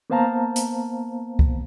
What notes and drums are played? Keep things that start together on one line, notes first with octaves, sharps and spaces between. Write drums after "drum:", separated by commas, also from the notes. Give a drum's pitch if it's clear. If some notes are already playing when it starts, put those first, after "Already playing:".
A#3 B3 C5 F5 A5 A#5
drum: hi-hat
drum: kick C2